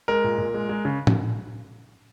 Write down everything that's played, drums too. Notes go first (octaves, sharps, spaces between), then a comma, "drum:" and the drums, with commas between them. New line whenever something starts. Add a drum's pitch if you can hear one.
G#3 A#4
A#2
A#2
G#3
G#3
C#3
drum: tom